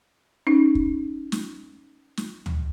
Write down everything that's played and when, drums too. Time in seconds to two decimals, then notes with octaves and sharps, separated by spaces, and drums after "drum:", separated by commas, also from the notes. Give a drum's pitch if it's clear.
0.47 C#4 D#4
0.75 drum: kick
1.32 drum: snare
2.17 drum: snare
2.46 drum: tom D2